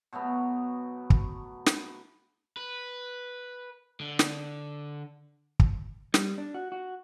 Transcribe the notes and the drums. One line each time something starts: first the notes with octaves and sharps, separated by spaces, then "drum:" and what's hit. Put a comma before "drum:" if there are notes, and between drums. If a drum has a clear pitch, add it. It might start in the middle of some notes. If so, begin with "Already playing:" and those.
B2 F#3 A3 B3
drum: kick
drum: snare
B4
D3
drum: snare
drum: kick
G3, drum: snare
D4
F#4
F#4